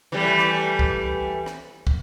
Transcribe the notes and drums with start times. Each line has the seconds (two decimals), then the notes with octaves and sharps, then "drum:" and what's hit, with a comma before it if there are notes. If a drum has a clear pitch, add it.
0.12 E3 G3 A3
0.39 drum: rim click
0.79 drum: kick
1.46 drum: rim click
1.87 drum: kick